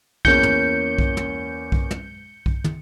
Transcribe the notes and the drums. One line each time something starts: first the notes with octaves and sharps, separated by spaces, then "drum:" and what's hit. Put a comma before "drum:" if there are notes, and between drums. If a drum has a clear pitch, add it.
E2 A#3 C#4 G6 C#7, drum: kick B1
drum: tom
drum: kick B1
drum: tom
drum: kick B1
drum: tom
drum: kick B1
drum: tom